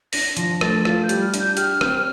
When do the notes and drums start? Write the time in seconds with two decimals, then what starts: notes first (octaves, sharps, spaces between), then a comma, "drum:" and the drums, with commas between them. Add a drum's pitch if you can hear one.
0.13 D4 A#6, drum: open hi-hat
0.37 F3 A#6, drum: hi-hat
0.61 A3 A6, drum: rim click
0.85 F4 A6, drum: rim click
1.03 G6
1.09 G3, drum: hi-hat
1.21 F6
1.34 D4, drum: hi-hat
1.40 G6
1.57 G4 F6, drum: hi-hat
1.81 C4, drum: rim click